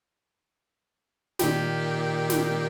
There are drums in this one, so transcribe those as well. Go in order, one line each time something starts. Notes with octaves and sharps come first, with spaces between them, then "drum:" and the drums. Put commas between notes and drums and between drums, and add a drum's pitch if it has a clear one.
A#2 D#3 G4, drum: snare
drum: snare